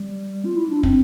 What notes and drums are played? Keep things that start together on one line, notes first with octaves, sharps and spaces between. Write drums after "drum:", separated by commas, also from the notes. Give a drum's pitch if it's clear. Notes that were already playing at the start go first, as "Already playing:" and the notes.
Already playing: G3
F4
E4
D4
C4, drum: kick